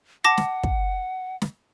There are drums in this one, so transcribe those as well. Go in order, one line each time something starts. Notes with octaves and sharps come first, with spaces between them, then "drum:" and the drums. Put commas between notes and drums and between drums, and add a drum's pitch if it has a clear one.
F#5 A5 D6 A#6
drum: snare
drum: kick
drum: snare